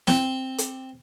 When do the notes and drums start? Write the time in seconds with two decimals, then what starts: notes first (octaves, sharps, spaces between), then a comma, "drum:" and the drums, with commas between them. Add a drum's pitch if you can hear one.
0.07 C4, drum: snare
0.58 drum: hi-hat